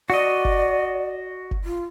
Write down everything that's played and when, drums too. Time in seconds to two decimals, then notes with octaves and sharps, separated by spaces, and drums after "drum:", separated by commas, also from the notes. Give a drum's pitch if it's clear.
0.10 F#4 D5 D#5
0.45 drum: kick F#1
1.51 drum: kick F#1
1.64 F4